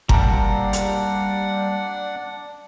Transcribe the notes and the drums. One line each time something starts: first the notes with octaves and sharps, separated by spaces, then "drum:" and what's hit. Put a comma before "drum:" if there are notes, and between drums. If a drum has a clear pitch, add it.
G3 A#3 C4 D4 D5 F#5 A5 A#5, drum: kick G1
drum: hi-hat